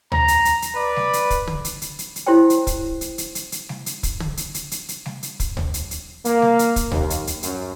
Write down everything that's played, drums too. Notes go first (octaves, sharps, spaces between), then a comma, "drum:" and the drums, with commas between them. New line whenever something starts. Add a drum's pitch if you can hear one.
A#5, drum: tom D2
drum: hi-hat
drum: hi-hat
drum: hi-hat
B4 D5
drum: snare G3
drum: hi-hat
drum: kick, hi-hat
drum: tom
drum: hi-hat
drum: hi-hat
drum: hi-hat
drum: hi-hat
E4 G4 C5 C#5 G5
drum: hi-hat
drum: kick, hi-hat
drum: hi-hat
drum: hi-hat
drum: hi-hat
drum: hi-hat
drum: snare G3
drum: hi-hat
drum: kick, hi-hat
drum: tom
drum: hi-hat
drum: hi-hat
drum: hi-hat
drum: hi-hat
drum: snare G3
drum: hi-hat
drum: kick, hi-hat
drum: tom D2
drum: hi-hat
drum: hi-hat
A#3, drum: hi-hat
drum: snare G3
drum: hi-hat
drum: kick, hi-hat
D#2, drum: tom D2
drum: hi-hat
drum: hi-hat
F#2, drum: hi-hat